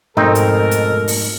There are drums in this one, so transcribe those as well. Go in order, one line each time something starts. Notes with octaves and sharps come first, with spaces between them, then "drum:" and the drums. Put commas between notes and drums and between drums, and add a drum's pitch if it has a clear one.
F2 G#2 B2 A3 C4 D#4 A4 A#4
drum: hi-hat
drum: hi-hat
drum: open hi-hat